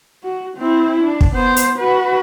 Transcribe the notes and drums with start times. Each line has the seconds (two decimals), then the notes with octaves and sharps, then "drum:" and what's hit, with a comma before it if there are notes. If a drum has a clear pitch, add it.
0.24 F#4
0.57 C4 E4
1.03 D4
1.21 drum: kick
1.35 B3 C5
1.56 drum: hi-hat
1.79 F#4 B4